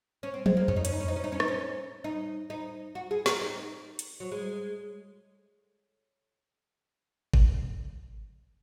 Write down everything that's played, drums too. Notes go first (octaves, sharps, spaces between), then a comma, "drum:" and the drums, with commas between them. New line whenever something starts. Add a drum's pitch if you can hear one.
C#4
C4
G#3, drum: tom
A#3
C#4, drum: tom E2
D#4
C#4, drum: hi-hat
D#4
C#4
D#4
C#4
D#4
C#4
D#4, drum: rim click
C#4
D#4
D#4
F#4
G#4
A#4, drum: snare
D#4
drum: hi-hat
F#3
G#3
drum: kick G1